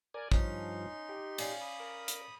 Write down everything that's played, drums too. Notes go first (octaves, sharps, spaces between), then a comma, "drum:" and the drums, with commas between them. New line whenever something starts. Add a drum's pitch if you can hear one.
A#4 D5 G#5
G2 F3 C#4 D#4 C6, drum: kick
G4
C#4 D5 F5, drum: cymbal
B5 D#6
A#4
drum: hi-hat